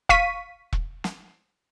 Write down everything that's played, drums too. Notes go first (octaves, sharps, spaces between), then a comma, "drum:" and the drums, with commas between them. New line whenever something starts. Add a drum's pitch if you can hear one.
F5 C#6 B6 D#7, drum: kick E1
drum: kick E1
drum: snare